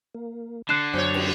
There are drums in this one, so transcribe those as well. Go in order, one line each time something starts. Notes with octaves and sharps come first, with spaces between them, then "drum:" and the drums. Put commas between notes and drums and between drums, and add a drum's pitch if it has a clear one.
A#3
D3 F#6 C7 E7
F#2 F#3 B3 C#5
drum: cymbal